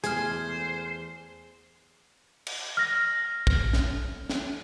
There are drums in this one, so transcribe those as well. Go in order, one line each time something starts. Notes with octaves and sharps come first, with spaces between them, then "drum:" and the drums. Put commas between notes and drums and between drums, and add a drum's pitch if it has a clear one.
E2 E3 A3 G#4 C5 F6 G#6, drum: hi-hat
drum: cymbal
F6 A#6
drum: kick
drum: snare
drum: snare